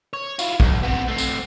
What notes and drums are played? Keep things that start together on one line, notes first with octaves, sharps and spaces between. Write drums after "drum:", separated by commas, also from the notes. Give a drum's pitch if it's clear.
C#5
E4 F4, drum: tambourine
B1, drum: kick
B3 C4
A3 C4
drum: tambourine